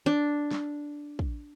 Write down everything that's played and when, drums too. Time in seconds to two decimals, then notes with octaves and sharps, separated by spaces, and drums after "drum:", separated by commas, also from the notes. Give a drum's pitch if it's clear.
0.06 D4
0.51 drum: snare
1.19 drum: kick